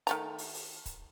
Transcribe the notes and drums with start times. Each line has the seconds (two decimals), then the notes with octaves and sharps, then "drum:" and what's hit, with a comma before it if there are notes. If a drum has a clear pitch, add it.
0.07 D#3 A3 A#5, drum: hi-hat
0.38 drum: open hi-hat
0.54 drum: open hi-hat
0.86 drum: kick C#1, hi-hat